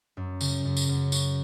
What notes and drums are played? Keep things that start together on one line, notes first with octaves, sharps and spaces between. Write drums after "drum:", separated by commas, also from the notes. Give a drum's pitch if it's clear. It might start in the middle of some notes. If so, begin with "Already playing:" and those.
F#2
C#3, drum: tambourine
F#2
drum: tambourine
F#2
F#4, drum: tambourine